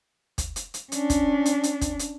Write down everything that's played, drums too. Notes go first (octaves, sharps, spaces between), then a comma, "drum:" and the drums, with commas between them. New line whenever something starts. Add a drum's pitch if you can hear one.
drum: kick, hi-hat
drum: hi-hat
drum: hi-hat
C#4 D4, drum: hi-hat
drum: kick, hi-hat
drum: hi-hat
drum: hi-hat
drum: kick, hi-hat
drum: hi-hat